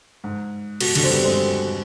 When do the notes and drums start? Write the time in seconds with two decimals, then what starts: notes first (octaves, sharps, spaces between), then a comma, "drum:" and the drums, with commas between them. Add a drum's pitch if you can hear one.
0.24 G#2
0.80 B2, drum: cymbal
0.95 B2 D3, drum: cymbal
1.04 C4
1.10 G3 B3
1.24 G#3 C4